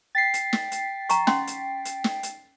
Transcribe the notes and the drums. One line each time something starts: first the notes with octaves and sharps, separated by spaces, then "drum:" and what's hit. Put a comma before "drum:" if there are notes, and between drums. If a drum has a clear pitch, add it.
G5 A6 B6 C7
drum: hi-hat
drum: snare
drum: hi-hat
A#5 C#6, drum: hi-hat
C#4 F#5 C6, drum: snare
drum: hi-hat
drum: hi-hat
drum: snare
drum: hi-hat